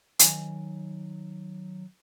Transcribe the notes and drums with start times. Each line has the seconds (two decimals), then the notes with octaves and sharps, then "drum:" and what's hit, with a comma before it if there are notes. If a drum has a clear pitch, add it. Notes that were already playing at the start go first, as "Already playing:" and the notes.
0.19 D#3 F#3 D#5 G#5, drum: hi-hat